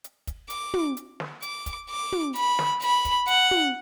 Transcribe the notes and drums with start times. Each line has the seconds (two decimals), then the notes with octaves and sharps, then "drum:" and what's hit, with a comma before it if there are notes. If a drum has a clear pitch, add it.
0.04 drum: hi-hat
0.27 drum: kick, hi-hat
0.50 D6, drum: hi-hat
0.74 drum: tom
0.97 drum: hi-hat
1.20 drum: snare
1.42 D6, drum: hi-hat
1.66 drum: kick, hi-hat
1.90 D6
2.12 drum: tom
2.35 B5, drum: hi-hat
2.59 drum: snare
2.82 B5, drum: hi-hat
3.05 drum: kick, hi-hat
3.27 F#5, drum: hi-hat
3.51 drum: tom